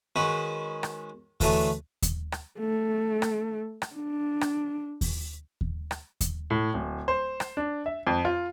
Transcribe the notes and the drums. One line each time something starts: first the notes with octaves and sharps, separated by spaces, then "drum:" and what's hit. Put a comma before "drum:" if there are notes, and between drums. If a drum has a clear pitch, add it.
D#3 G#3 C#4 F#4 B4
drum: rim click
D3 E3 F#3 A3, drum: kick D#2, open hi-hat
drum: kick D#2, hi-hat
drum: rim click
A3
drum: rim click
drum: rim click
D4
drum: rim click
drum: kick D#2, open hi-hat
drum: kick D#2
drum: rim click
drum: kick D#2, hi-hat
A2
D1
C5
drum: rim click
D4
E5
F2
F4